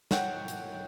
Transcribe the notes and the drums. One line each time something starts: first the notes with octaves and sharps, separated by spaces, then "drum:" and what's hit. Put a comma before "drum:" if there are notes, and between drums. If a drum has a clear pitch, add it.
C#5 F#5 G5, drum: snare
drum: hi-hat